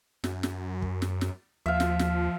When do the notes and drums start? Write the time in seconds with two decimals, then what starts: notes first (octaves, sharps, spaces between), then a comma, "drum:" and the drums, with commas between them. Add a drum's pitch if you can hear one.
0.24 F#2, drum: snare
0.43 drum: snare
0.82 drum: kick
1.02 drum: snare
1.21 drum: snare
1.66 D#2 F3 E5 F5
1.80 drum: snare
1.99 drum: snare